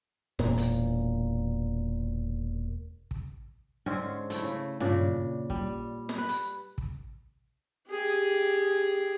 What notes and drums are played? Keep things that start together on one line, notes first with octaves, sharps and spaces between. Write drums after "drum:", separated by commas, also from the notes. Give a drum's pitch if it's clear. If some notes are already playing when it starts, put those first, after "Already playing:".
E1 A#2, drum: snare
drum: hi-hat
drum: kick
G#2 D3 C4 C#4
A3 E4, drum: hi-hat
C#3
A#2 C#3 D4, drum: tom
G3, drum: kick
drum: snare
B4
drum: hi-hat
drum: kick
G4 G#4